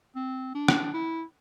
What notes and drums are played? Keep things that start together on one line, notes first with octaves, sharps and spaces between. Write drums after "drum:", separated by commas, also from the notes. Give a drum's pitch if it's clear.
C4
D4
drum: rim click
E4